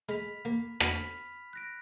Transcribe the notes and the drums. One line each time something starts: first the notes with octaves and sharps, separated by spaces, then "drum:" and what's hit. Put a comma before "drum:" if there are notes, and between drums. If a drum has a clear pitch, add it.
G#3 B5 F6 B6 F7
A#3
B3 B5 F6 B6 F7, drum: rim click
F#6 A#6 D7